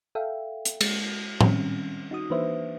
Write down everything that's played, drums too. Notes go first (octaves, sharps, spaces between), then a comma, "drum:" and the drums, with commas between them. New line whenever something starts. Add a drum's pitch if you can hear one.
A4 E5 F5 G5
drum: hi-hat
G#3 C7, drum: cymbal
D#3 G3 C4 C#4, drum: tom A2
D#4 F#4 D#6
E3 A#3 D4 B4 C5 E5